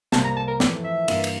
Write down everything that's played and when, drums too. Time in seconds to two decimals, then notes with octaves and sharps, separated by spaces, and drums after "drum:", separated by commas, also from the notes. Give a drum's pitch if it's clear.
0.12 C2 C3 G3 A#3 A5, drum: snare
0.25 A#5
0.37 A5
0.48 A#4
0.60 F2 E3 A3 E4 A4 D5, drum: snare
0.84 E5
1.08 G2 E3 A#3 F4, drum: cymbal
1.24 drum: cymbal